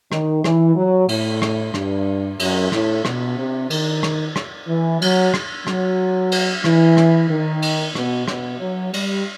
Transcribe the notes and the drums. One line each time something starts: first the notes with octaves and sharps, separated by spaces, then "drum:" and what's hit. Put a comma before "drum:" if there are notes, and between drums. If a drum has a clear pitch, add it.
D#3, drum: rim click
E3, drum: rim click
F#3
A2, drum: cymbal
drum: rim click
G2, drum: rim click
F#2, drum: cymbal
A2, drum: rim click
B2, drum: rim click
C3
D#3, drum: cymbal
drum: rim click
drum: rim click
E3
F#3, drum: cymbal
drum: rim click
F#3, drum: rim click
drum: cymbal
E3, drum: rim click
drum: rim click
D#3
drum: cymbal
B2, drum: rim click
B2, drum: rim click
F#3
G3, drum: cymbal